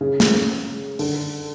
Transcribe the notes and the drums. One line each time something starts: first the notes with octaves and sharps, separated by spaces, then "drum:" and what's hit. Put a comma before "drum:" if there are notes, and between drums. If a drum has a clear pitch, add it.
C#3
drum: snare
D3, drum: open hi-hat